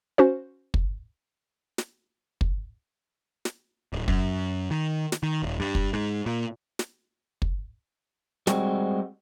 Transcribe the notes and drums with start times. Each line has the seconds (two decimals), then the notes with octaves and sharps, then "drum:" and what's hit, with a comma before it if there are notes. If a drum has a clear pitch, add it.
0.18 C#4 F#4 C5
0.74 drum: kick
1.78 drum: snare
2.41 drum: kick
3.45 drum: snare
3.93 D1
4.08 F#2, drum: kick
4.71 D#3
5.12 drum: snare
5.23 D#3
5.43 D#1
5.60 G2
5.75 drum: kick
5.94 G#2
6.26 A#2
6.79 drum: snare
7.42 drum: kick
8.47 G3 G#3 C4 F#4, drum: snare